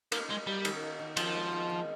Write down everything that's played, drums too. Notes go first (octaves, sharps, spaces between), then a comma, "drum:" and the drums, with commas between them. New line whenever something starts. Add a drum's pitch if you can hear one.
A#3 D#4, drum: cymbal
G#3 A#3
G3 A#3
D#3, drum: cymbal
A#3
D#3
F3 C4, drum: cymbal
G#3
G#3
D#3